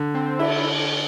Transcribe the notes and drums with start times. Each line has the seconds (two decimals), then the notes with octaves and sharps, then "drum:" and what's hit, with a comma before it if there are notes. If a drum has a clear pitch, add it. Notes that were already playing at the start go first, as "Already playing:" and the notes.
Already playing: D3
0.14 C4
0.39 E4, drum: cymbal